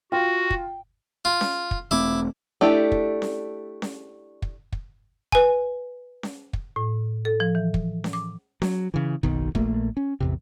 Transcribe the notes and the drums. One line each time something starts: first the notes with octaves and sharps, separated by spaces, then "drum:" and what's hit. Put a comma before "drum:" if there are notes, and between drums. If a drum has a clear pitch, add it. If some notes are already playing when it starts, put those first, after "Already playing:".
F4 F#4 G5
drum: kick
F4
drum: snare C#4
drum: kick
E1 A3 C4 E4 D6
A3 D4 E4 G4
drum: kick
drum: snare C#4
drum: snare C#4
drum: kick
drum: kick
B4 G#5, drum: kick
drum: snare C#4
drum: kick
A2
A4
F3
E3
drum: kick
drum: snare C#4
D6
F#3, drum: snare C#4
C#3 E3
F#1 B1 B2 D#3, drum: kick
A#1 A#2 A3 A#3, drum: kick
C#4
A1 E2 C3